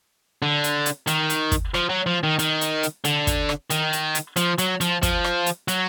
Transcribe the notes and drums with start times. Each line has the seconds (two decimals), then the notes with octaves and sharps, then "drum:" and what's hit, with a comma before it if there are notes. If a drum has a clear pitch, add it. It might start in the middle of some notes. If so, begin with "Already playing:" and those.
0.42 D3
0.64 drum: hi-hat
0.86 drum: hi-hat
1.07 D#3, drum: hi-hat
1.30 drum: hi-hat
1.52 drum: kick, hi-hat
1.74 F3, drum: rim click
1.89 F#3
2.06 F3
2.23 D#3
2.39 D#3, drum: hi-hat
2.61 drum: hi-hat
2.83 drum: hi-hat
3.04 D3, drum: hi-hat
3.27 drum: kick, hi-hat
3.49 drum: rim click
3.70 D#3, drum: hi-hat
3.93 drum: hi-hat
4.15 drum: hi-hat
4.36 F3, drum: hi-hat
4.58 F#3, drum: hi-hat
4.81 F3, drum: hi-hat
5.03 F3, drum: kick, hi-hat
5.24 drum: rim click
5.46 drum: hi-hat
5.68 F#3, drum: hi-hat